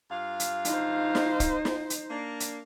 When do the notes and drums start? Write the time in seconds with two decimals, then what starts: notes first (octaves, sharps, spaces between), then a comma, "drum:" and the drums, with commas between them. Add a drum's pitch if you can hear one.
0.11 G2 F4 F5
0.40 drum: hi-hat
0.65 D#4 C5, drum: hi-hat
1.15 drum: snare
1.40 drum: kick, hi-hat
1.65 drum: snare
1.90 drum: hi-hat
2.10 A#3 D4
2.40 drum: hi-hat